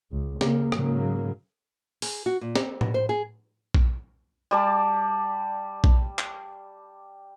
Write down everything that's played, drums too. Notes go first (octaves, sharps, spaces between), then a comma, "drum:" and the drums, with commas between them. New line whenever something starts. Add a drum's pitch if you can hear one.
C#2
C#3 A#3, drum: snare
G#2 C#3 F#3 A#3, drum: rim click
G#4, drum: open hi-hat
F#4
A#2
C4, drum: snare
B2, drum: tom A2
C5
G#4
drum: kick A#1
G3 D5 A5
drum: kick A#1
drum: clap